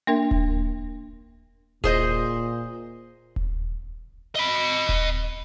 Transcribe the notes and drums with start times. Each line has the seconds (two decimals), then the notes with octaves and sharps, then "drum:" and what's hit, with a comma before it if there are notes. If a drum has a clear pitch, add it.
0.07 A#3 D4 A#4 E5 G5
0.31 drum: kick D#1
1.84 A#2 G#4 C5 D#5, drum: kick D#1
3.36 drum: kick D#1
4.35 D#5 B5
4.89 drum: kick D#1